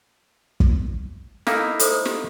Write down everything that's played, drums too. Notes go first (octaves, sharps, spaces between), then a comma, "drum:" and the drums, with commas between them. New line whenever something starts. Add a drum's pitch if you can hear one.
drum: kick
A#3 D#4 E4 A4 F5 A#5, drum: snare
A4 C5 D#6, drum: hi-hat
G4, drum: snare